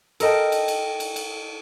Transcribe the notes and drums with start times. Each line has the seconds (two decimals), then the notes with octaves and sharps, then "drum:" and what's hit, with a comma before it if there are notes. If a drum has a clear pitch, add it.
0.20 A4 A#4 D#5 G5 A5, drum: cymbal
0.52 drum: cymbal
0.68 drum: cymbal
1.00 drum: cymbal
1.16 drum: cymbal